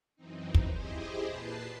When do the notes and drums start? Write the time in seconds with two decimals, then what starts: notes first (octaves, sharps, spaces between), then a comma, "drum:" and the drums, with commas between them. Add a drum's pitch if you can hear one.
0.16 F#2 E3 C4 D#4
0.54 drum: kick
0.68 E4 G4 G#4 C5 D#5
1.25 A#2 B4 A5 C7